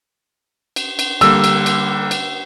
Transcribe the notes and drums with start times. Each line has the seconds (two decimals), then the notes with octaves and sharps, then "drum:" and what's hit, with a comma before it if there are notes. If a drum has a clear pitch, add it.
0.76 drum: cymbal
0.99 drum: cymbal
1.21 D3 G3 A#3 E6, drum: cymbal
1.44 drum: cymbal
1.66 drum: cymbal
2.11 drum: cymbal